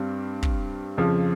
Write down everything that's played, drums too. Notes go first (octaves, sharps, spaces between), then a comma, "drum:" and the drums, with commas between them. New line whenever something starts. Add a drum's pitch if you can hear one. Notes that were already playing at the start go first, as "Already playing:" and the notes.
Already playing: G2 G3 C4
drum: kick
F2 C#3 F3